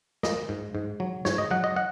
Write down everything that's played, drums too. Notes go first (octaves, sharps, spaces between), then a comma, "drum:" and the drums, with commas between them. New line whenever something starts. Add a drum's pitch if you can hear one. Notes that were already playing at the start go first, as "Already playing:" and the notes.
A#3 D#5, drum: snare
G#2
G#2
F#3
G#2 C#5, drum: snare
D#5
F#3 F#5
D#5
F#5